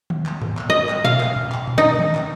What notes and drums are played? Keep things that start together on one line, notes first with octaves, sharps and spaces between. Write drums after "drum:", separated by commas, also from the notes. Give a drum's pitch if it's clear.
drum: tom D#3
drum: clap
drum: tom G#2
drum: clap
D#5
drum: clap
F5, drum: tom A#2
drum: clap
drum: tom A#2
drum: clap
drum: tom A#2
D#4
drum: tom D#3
drum: clap